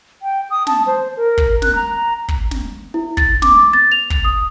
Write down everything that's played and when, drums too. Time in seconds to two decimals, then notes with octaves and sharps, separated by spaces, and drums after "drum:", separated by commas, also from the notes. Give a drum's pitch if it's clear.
0.22 G5
0.50 D#6
0.67 A5, drum: snare
0.87 C5
1.17 A#4
1.38 drum: kick
1.62 F#6, drum: snare
1.75 A#5
2.28 drum: kick
2.51 drum: snare
2.94 E4
3.17 A6, drum: kick
3.42 D6, drum: snare
3.73 A6
3.92 F7
4.10 drum: kick
4.25 D#6